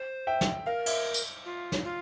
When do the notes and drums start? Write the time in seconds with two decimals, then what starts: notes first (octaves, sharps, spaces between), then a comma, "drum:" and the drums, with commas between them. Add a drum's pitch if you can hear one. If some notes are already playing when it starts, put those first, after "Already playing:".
Already playing: C5
0.27 E5 G5
0.41 drum: snare
0.66 A#4 F5
0.86 E5, drum: cymbal
1.14 drum: tambourine
1.45 F4
1.72 drum: snare
1.84 F4